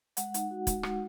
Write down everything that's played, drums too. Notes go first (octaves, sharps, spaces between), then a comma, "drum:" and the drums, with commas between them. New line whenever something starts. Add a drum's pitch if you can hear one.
G#3 F#5, drum: hi-hat
D#4, drum: hi-hat
F#4
G#3, drum: kick, hi-hat
G#3, drum: rim click